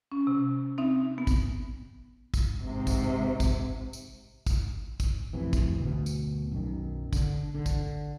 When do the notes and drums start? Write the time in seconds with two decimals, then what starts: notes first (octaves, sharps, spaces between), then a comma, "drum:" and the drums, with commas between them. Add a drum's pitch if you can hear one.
0.12 C#4
0.27 C3
0.78 C4 D#4 E5
1.18 B3
1.27 drum: kick, tambourine
2.34 drum: kick, tambourine
2.61 G#2 C3
2.87 drum: kick, tambourine
3.40 drum: kick, tambourine
3.93 drum: tambourine
4.47 drum: kick, tambourine
5.00 drum: kick, tambourine
5.33 A1 F2 C3 E3
5.53 drum: kick, tambourine
5.78 D2 B2
6.06 drum: tambourine
6.52 B1 F#2 D#3
7.13 D3, drum: kick, tambourine
7.55 D3
7.66 drum: kick, tambourine